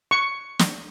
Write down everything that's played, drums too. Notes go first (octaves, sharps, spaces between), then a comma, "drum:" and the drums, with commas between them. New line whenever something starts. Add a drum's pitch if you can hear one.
C#6
drum: snare